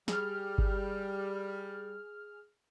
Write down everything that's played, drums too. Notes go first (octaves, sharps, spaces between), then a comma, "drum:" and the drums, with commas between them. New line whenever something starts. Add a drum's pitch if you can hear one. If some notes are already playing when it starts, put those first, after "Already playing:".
G3 G#4 F6, drum: snare
drum: kick G1